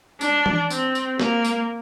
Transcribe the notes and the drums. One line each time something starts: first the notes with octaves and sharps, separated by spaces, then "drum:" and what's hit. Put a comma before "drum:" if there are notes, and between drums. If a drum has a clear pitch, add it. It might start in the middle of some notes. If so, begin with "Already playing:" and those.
D4, drum: tambourine
drum: tom E3
C4, drum: tambourine
drum: tambourine
A#3, drum: snare
drum: tambourine